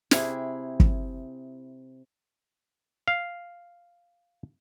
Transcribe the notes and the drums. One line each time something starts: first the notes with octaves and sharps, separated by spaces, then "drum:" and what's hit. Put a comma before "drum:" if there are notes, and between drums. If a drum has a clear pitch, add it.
C3 E4 G4 G#4, drum: snare
drum: kick
F5